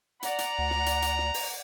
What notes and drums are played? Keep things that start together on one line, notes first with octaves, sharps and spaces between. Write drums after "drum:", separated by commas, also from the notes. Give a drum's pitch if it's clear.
D5 F#5 A#5, drum: hi-hat
drum: hi-hat
D2
drum: snare
drum: hi-hat
drum: hi-hat
drum: snare
drum: open hi-hat